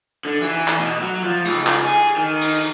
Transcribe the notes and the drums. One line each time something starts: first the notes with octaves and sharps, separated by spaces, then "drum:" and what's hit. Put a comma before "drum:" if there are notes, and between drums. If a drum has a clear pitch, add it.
D3
E3, drum: cymbal
drum: clap
B2
F#3
F3
C#2, drum: cymbal
drum: clap
G#4
D#3
drum: cymbal